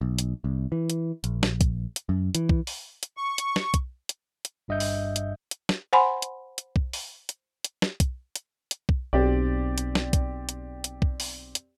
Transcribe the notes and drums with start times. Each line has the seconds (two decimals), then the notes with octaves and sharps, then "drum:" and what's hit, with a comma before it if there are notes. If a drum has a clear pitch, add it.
0.01 B1
0.19 drum: hi-hat
0.44 C2
0.72 E3
0.90 drum: hi-hat
1.24 A#1, drum: hi-hat
1.43 drum: snare
1.61 drum: kick, hi-hat
1.96 drum: hi-hat
2.09 F#2
2.35 E3, drum: hi-hat
2.49 drum: kick
2.67 drum: open hi-hat
3.03 drum: hi-hat
3.17 C#6
3.38 drum: hi-hat
3.56 drum: snare
3.74 drum: kick, hi-hat
4.09 drum: hi-hat
4.45 drum: hi-hat
4.68 G1 G2 D#5 E5 G6
4.80 drum: open hi-hat
5.16 drum: hi-hat
5.51 drum: hi-hat
5.69 drum: snare
5.93 C5 F#5 G#5 B5 C6
6.22 drum: hi-hat
6.58 drum: hi-hat
6.76 drum: kick
6.93 drum: open hi-hat
7.29 drum: hi-hat
7.64 drum: hi-hat
7.82 drum: snare
8.00 drum: kick, hi-hat
8.36 drum: hi-hat
8.71 drum: hi-hat
8.89 drum: kick
9.13 B1 C4 G4 D5
9.78 drum: hi-hat
9.95 drum: snare
10.13 drum: kick, hi-hat
10.49 drum: hi-hat
10.84 drum: hi-hat
11.02 drum: kick
11.20 drum: open hi-hat
11.55 drum: hi-hat